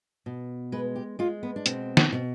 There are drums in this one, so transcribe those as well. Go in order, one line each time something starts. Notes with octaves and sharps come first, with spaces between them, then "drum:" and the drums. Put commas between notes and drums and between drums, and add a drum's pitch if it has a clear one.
B2
G#3 B4
G4
G#3 F4
B3
D4
B2 C4, drum: hi-hat
drum: snare
B2